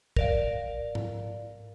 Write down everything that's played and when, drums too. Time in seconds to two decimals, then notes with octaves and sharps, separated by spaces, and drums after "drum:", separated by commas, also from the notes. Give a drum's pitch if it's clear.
0.16 A#4 D5 F5, drum: kick
0.95 drum: tom G#2